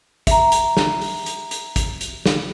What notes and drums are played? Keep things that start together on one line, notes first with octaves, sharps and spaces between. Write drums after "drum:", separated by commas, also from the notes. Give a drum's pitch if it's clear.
E5 A#5, drum: kick, hi-hat
drum: hi-hat
drum: snare
drum: open hi-hat
drum: hi-hat
drum: hi-hat
drum: kick, hi-hat
drum: hi-hat
drum: snare